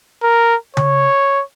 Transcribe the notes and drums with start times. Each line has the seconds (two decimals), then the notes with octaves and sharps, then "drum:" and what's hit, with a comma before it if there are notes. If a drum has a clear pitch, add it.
0.23 A#4
0.77 C#5, drum: tom C#3